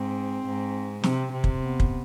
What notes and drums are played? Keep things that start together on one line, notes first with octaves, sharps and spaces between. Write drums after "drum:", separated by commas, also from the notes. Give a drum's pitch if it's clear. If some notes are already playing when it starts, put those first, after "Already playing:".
Already playing: G#2 C4
G#2
C3 C4, drum: snare
C3
drum: kick
B3
drum: kick